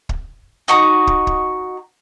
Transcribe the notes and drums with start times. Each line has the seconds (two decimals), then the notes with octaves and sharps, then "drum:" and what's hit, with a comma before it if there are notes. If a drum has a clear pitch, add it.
0.09 drum: kick
0.68 D#4 F#4 A#5 D#6
1.07 drum: kick
1.27 drum: kick